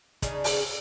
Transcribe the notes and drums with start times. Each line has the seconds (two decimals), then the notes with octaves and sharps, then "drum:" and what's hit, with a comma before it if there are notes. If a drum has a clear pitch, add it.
0.22 C#3 D4 D#4 G#4, drum: kick, hi-hat
0.44 drum: open hi-hat